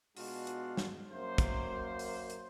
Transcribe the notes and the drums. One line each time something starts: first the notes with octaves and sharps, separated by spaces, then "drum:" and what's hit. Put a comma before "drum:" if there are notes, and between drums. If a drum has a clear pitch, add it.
B2 G#3 D4 F4 F#4, drum: open hi-hat
drum: hi-hat
drum: snare
F#2 A#3 C5
drum: kick, hi-hat
drum: open hi-hat
drum: hi-hat